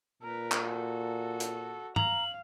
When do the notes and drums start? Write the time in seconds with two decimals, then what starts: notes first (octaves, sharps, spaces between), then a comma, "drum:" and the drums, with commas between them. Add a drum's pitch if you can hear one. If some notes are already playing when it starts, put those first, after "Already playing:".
0.23 A#2 A#4 B4
0.52 drum: clap
0.64 F#4 A4
1.40 drum: hi-hat
1.96 F5 A#5 F#7, drum: tom